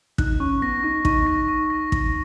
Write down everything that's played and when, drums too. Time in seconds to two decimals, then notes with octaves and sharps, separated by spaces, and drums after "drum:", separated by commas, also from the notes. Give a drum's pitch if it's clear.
0.18 D#4 F#6, drum: kick
0.40 C#4 C#6
0.62 B3 A#6
0.83 D#4 C#6
1.05 D#4 C#6, drum: kick
1.27 A#6
1.48 C#6
1.70 A#6
1.92 A#6, drum: kick